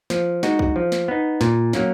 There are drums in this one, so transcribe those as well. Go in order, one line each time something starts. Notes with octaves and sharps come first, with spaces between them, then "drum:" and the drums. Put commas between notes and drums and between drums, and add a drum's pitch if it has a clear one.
F3, drum: snare
G#3 D#4 F#4, drum: snare
drum: kick
F3
drum: snare
B3 D#4
A#2, drum: snare
F#3 A#3 C#4, drum: snare